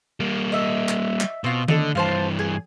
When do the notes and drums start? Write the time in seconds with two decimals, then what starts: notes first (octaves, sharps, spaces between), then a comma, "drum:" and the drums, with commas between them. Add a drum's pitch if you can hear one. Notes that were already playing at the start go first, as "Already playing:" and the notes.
0.20 G3 A#3
0.52 D#5 E5
0.89 drum: clap
1.21 drum: clap
1.44 B2 C4 F4
1.68 D3 A4 D#5, drum: tom D#3
1.95 G2 E3 F4 C5 A5
2.39 G#4